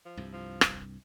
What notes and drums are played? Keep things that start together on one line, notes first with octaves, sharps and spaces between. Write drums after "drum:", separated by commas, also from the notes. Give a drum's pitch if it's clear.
F3
C2 G2
F3
drum: rim click